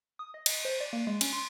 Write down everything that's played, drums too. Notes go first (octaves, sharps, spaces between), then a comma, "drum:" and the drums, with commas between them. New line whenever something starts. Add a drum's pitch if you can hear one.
D#6
D#5
D#5, drum: cymbal
C5
D5
A#3
G#3
C#4, drum: cymbal
C6